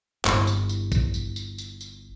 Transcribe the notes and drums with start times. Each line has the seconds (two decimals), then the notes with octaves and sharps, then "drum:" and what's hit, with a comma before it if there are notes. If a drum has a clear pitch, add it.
0.25 G1 E4, drum: clap
0.47 drum: tambourine
0.69 drum: tambourine
0.92 drum: kick A#1, tambourine
1.14 drum: tambourine
1.36 drum: tambourine
1.58 drum: tambourine
1.81 drum: tambourine